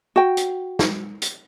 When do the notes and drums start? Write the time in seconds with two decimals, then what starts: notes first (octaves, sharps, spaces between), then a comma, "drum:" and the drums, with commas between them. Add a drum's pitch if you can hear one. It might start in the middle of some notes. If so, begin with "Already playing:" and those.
0.16 F#4 G5
0.37 drum: hi-hat
0.79 drum: snare
1.22 drum: hi-hat